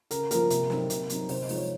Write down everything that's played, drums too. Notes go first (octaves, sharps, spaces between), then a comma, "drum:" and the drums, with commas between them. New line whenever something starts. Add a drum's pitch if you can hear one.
C#3 A#4, drum: hi-hat
F3 A#3 A#4, drum: hi-hat
C3, drum: hi-hat
F#3 C4 D#4, drum: snare
C3, drum: hi-hat
F#3 C4 D#4, drum: hi-hat
C3 C5, drum: open hi-hat
D#5
F3 G#3 D#4, drum: open hi-hat
C#5